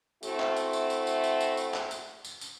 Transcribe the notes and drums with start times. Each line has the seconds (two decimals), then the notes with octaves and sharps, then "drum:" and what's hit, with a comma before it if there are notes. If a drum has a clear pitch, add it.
0.23 A3 C4 E4 F#4, drum: tambourine
0.40 drum: clap
0.56 drum: tambourine
0.73 drum: tambourine
0.90 drum: tambourine
1.07 drum: tambourine
1.24 drum: tambourine
1.40 drum: tambourine
1.57 drum: tambourine
1.74 drum: clap
1.91 drum: tambourine
2.25 drum: tambourine
2.41 drum: tambourine